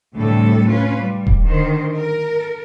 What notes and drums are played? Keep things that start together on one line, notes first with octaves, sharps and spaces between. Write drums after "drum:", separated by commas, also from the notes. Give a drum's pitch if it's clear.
D2 A2 C3 E3 G3 A4
C#4 F4 B4
G3
drum: kick D#1
D3 D#3 C5
A#4